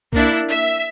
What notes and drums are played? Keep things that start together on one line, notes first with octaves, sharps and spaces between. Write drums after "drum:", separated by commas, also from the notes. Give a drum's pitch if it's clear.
A#3 D4 E4, drum: kick C2
E5